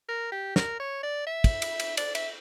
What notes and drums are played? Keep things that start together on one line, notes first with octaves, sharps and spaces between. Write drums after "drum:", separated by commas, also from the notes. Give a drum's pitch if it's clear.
A#4
G4
A#4, drum: snare
C#5
D5
E5
drum: kick, cymbal
drum: cymbal
drum: cymbal
D5, drum: cymbal
E5, drum: cymbal